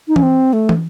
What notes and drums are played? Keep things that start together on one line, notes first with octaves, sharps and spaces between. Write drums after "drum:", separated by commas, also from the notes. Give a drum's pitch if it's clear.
D#4
C#4, drum: tom
C4
A3
drum: tom